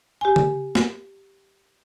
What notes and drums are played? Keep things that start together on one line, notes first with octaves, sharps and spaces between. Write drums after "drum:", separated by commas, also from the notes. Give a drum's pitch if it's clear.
G4 G#5
drum: tom C#3
drum: snare